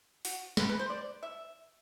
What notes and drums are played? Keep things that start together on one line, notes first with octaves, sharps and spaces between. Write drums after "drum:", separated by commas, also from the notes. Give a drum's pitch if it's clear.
F#4, drum: open hi-hat
B4, drum: snare
B4
C5
D5
E5